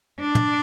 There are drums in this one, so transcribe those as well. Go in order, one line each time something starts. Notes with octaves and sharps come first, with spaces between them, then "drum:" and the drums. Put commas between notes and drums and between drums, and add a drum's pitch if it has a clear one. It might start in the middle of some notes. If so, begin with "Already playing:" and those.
D4
drum: tom